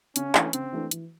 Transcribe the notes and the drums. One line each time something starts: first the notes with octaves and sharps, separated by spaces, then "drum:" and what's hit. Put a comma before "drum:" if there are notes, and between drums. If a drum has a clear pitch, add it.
C#3 C#4, drum: hi-hat
E3 A3 D4, drum: clap
C#3 C4, drum: hi-hat
E3 A3 D4
E3, drum: hi-hat